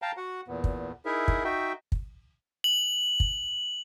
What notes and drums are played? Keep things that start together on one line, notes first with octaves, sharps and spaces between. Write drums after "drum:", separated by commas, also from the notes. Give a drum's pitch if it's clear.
F5 G5 A5 A#5
F#4 F#5
E2 A#2 B3
drum: kick
D#4 E4 G#4 A#4 E5
drum: kick
D#4 F#4 E5 G5
drum: kick
F#7
drum: kick